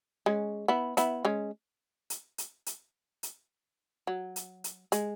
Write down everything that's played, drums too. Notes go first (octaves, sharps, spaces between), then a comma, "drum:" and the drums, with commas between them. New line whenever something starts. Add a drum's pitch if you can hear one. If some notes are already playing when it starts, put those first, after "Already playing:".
G#3 C#4
B3 E4
B3 E4, drum: hi-hat
G#3 C#4
drum: hi-hat
drum: hi-hat
drum: hi-hat
drum: hi-hat
F#3
drum: hi-hat
drum: hi-hat
G#3, drum: hi-hat